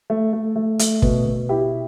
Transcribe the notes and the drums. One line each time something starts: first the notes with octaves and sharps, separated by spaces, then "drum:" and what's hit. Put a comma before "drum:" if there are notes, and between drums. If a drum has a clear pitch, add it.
A3
A3
A3
A3, drum: hi-hat
B2, drum: kick
B2
E4 G4